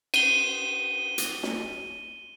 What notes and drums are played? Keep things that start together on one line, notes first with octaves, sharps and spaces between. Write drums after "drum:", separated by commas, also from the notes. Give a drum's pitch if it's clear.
D#7 G7, drum: cymbal
drum: hi-hat
drum: snare